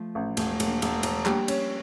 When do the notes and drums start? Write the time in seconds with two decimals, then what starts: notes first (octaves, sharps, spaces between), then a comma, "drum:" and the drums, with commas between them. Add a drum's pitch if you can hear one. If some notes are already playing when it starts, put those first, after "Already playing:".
Already playing: F3 A3
0.15 A1
0.37 E1 A3 C#4, drum: cymbal
0.52 A3 C#4
0.60 E1, drum: cymbal
0.66 A#3 D4
0.82 E1, drum: cymbal
0.96 A3 C#4
1.03 E1, drum: cymbal
1.11 A3 C#4
1.26 G3 A#3 D4, drum: clap
1.48 C#4, drum: cymbal